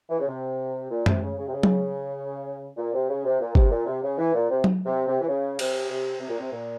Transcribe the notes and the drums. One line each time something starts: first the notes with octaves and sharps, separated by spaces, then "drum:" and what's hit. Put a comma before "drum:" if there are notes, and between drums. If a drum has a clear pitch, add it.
E3
C#3
C3
A#2
C3, drum: tom F#2
C#3
C#3
C3
C#3
drum: tom F#3
A#2
C3
C#3
C3
A#2
C3, drum: kick
A#2
C3
C#3
E3
A#2
C3
drum: tom F#3
C3
C3
E3
C#3
C3, drum: cymbal
C3
C3
A#2
C3
A#2